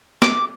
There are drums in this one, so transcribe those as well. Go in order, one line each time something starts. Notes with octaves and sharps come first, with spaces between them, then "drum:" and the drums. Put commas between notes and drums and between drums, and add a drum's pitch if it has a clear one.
D6, drum: snare